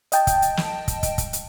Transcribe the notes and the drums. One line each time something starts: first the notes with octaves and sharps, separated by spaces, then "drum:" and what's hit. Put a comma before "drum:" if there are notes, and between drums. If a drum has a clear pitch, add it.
D#5 G5 A5, drum: hi-hat
drum: kick, hi-hat
drum: hi-hat
drum: snare
drum: kick, hi-hat
drum: kick, hi-hat
drum: kick, hi-hat
drum: hi-hat